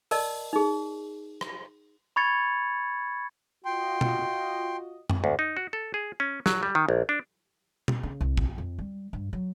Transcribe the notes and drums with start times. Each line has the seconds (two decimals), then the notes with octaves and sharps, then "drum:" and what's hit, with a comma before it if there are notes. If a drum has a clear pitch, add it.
0.11 A#4 D5 D#5 A5, drum: open hi-hat
0.53 D#4 G#4
1.41 drum: rim click
2.16 B5 C#6 G#6 A6 C#7
3.65 F4 F#4 D#5 G5 C6
4.01 drum: tom B2
5.10 drum: tom F#2
5.24 D2
5.39 D#4
5.57 F#4
5.73 A4
5.94 G#4
6.20 C#4
6.46 F#3, drum: snare
6.63 G3
6.75 D#3
6.89 A#1
7.09 D4
7.88 drum: tom B2
8.03 C#3
8.21 C2
8.37 drum: kick
8.58 F2
8.79 G3
9.13 G2
9.33 F#3